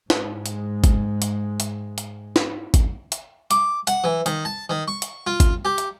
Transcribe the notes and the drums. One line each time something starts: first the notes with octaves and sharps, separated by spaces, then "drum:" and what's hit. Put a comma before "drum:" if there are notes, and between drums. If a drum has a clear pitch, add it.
G#2 G#3, drum: snare
drum: hi-hat
drum: kick G#1, hi-hat
drum: hi-hat
drum: hi-hat
drum: hi-hat
drum: snare
drum: kick G#1, hi-hat
drum: hi-hat
D6, drum: hi-hat
F#5, drum: hi-hat
E3
D#3, drum: hi-hat
A5
D#3
C#6
drum: hi-hat
F4
drum: kick G#1, hi-hat
G4
drum: hi-hat